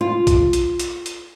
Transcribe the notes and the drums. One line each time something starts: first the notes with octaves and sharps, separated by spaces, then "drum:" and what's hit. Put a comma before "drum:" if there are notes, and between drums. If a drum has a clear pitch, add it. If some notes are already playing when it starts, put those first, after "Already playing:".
F4
drum: kick, hi-hat
drum: hi-hat
drum: hi-hat
drum: hi-hat